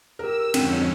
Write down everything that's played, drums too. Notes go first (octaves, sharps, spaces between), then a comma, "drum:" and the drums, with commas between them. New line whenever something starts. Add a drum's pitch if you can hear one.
G4 A#4 E6
F2 G#2 D3 C4 C#4, drum: cymbal